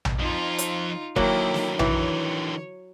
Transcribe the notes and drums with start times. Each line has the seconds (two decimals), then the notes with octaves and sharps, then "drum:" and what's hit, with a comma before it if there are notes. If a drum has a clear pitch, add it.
0.05 drum: tom A#1
0.19 F2 F3 D#4 F4
0.58 drum: hi-hat
1.16 D3 D#3 F#3 A#3 E4 G5, drum: kick F#1
1.54 drum: snare
1.79 E3 C#5, drum: tom A#1